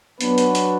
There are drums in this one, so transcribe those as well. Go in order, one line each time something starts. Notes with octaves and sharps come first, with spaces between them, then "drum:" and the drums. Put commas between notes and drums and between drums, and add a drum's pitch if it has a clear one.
F#3 B3 D4 F#4 B4, drum: hi-hat
drum: hi-hat
drum: hi-hat